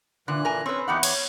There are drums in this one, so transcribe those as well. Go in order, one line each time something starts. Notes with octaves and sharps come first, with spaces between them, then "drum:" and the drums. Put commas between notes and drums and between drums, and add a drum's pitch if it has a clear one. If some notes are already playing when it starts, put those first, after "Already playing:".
A#2 D3 E3 F#6
A#4 G#5
C4 C#4 B4 C#6
E2 B3 D#4 G4 F#5
C#5, drum: cymbal